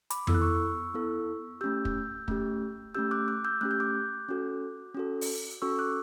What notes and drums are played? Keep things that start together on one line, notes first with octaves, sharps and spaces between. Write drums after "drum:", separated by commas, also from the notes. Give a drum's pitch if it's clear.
B5 D6, drum: hi-hat
B3 E4 A4 E6, drum: tom F2
F#6
C#6 E6
B3 E4 A4
A3 C#4 G4 E6 G6
drum: kick
A3 C#4 G4, drum: kick
A3 C#4 G4 E6 G6
D6 F#6
D6 F#6
E6 G6
A3 C#4 G4 F#6
G6
D6 F#6
C#4 F#4 A4
C#4 F#4 A4
drum: open hi-hat
C#4 F#4 A4 C#6 E6
D6 F#6